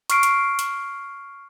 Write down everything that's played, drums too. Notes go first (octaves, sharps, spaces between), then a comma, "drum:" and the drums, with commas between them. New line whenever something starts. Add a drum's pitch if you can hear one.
C#6 F6 C7 D7, drum: hi-hat
drum: hi-hat
drum: hi-hat